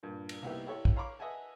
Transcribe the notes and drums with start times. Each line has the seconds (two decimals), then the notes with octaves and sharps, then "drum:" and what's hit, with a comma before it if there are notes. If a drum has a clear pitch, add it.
0.03 G2 A#2
0.29 drum: cymbal
0.43 C2 A#3 B3 D#4 G4 E5
0.67 E4 G4 A4 C#5
0.85 drum: kick
0.96 C#5 F5 A#5 B5 C#6 D6
1.19 B4 D#5 E5 F#5 G#5 A5